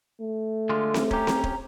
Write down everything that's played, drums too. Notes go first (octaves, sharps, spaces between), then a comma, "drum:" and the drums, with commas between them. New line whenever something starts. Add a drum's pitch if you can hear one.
A3
D3 G#3 F4
drum: snare C4
C#4 G4 A#5, drum: kick D#1
drum: snare C4
drum: kick D#1